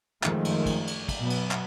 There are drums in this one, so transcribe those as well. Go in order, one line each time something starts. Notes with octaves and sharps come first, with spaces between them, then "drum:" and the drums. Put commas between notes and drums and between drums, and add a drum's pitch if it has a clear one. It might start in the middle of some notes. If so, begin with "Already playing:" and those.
F#2 D#3 F3 G#3 A3, drum: clap
drum: cymbal
drum: kick, cymbal
drum: cymbal
drum: kick, cymbal
B2 F#3 B3
drum: cymbal
drum: clap